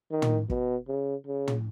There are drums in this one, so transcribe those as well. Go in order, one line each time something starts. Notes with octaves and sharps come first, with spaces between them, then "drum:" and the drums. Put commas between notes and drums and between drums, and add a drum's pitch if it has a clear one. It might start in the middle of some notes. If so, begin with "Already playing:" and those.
D#3
drum: tom
B2, drum: kick
C#3
C#3
drum: tom